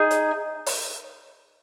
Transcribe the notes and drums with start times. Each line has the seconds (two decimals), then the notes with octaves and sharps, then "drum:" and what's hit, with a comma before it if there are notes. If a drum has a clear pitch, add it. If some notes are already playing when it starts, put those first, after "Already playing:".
Already playing: D#4 G#4
0.11 drum: hi-hat
0.66 drum: open hi-hat